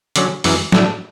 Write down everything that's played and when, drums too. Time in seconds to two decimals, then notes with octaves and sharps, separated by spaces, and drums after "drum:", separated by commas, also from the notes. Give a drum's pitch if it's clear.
0.16 D3 F#3 C#4, drum: hi-hat
0.44 F#2 E3 G#3, drum: open hi-hat
0.72 A2 F#3 A3 D4, drum: snare